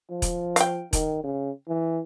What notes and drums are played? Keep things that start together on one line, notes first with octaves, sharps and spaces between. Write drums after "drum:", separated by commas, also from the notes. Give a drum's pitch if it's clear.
F3
drum: kick E1, hi-hat
F5 G5, drum: hi-hat
D#3, drum: kick E1, hi-hat
C#3
E3